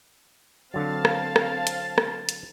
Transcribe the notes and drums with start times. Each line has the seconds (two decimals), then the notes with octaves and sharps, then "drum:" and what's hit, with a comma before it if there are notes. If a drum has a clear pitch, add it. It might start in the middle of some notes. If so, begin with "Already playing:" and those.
0.74 D3 F#3 C4 F5 A5 A6
1.05 drum: rim click
1.36 drum: rim click
1.67 drum: hi-hat
1.98 drum: rim click
2.29 drum: hi-hat